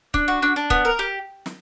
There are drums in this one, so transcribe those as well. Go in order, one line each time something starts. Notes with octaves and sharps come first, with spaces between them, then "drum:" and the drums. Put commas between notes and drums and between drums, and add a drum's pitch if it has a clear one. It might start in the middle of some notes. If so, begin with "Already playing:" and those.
D4, drum: kick
F#4
D4
D4
B3, drum: kick
A#4
G4
drum: snare